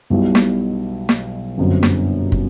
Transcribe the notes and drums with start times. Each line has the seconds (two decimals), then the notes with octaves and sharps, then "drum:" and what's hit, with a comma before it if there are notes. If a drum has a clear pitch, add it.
0.10 B1 B2 G3 B3 E4
0.35 drum: snare
1.09 drum: snare
1.58 G1 F#2 D3 G3 C4
1.83 drum: snare
2.32 drum: kick